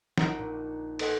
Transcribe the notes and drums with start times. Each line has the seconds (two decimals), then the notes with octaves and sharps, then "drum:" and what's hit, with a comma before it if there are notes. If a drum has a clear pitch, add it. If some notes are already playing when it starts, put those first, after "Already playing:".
0.18 A#1 D#4 D#5 F#5 A#6 D7, drum: snare
0.39 A#2
0.99 A4 B4 D#5 F#5 G#5, drum: cymbal